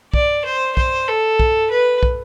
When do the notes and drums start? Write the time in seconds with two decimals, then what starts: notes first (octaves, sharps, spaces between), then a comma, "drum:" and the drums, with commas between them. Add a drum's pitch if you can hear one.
0.14 D5, drum: kick
0.45 C5
0.77 C5, drum: kick
1.08 A4
1.40 drum: kick
1.71 B4
2.03 drum: kick